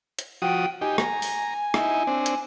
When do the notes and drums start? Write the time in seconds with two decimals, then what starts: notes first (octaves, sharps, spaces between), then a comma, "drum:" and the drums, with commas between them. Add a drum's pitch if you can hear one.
0.19 drum: hi-hat
0.42 F3 F#4 G5 D#6
0.81 D#4 G4 G#5
0.98 A#5, drum: rim click
1.22 drum: open hi-hat
1.74 D#4 E4, drum: rim click
2.07 C4 D4
2.26 drum: hi-hat